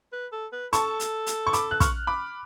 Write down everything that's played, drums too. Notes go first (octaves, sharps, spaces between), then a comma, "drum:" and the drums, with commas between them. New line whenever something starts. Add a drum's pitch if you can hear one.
B4
A4
B4
A4 A5 C#6, drum: hi-hat
drum: hi-hat
drum: hi-hat
C#6
B5 D6, drum: hi-hat
F#6
C#6 F6, drum: kick, hi-hat
B5 D6